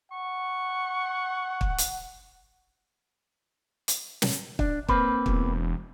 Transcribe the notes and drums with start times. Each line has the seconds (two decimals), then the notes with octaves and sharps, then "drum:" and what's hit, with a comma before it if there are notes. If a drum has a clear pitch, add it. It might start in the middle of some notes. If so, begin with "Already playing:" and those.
0.12 F#5 C#6
1.61 drum: kick
1.78 drum: hi-hat
3.88 drum: hi-hat
4.22 drum: snare
4.59 D4, drum: kick
4.88 A#3 C4 B4, drum: kick
5.26 E1, drum: kick